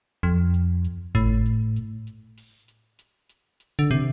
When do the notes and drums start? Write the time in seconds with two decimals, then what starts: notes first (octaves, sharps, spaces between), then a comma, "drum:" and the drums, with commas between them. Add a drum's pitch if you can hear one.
0.23 F2, drum: hi-hat
0.54 drum: hi-hat
0.84 drum: hi-hat
1.15 A2, drum: kick G#1
1.46 drum: hi-hat
1.76 drum: hi-hat
2.07 drum: hi-hat
2.37 drum: open hi-hat
2.68 drum: hi-hat
2.99 drum: hi-hat
3.29 drum: hi-hat
3.60 drum: hi-hat
3.79 D3
3.91 C3, drum: hi-hat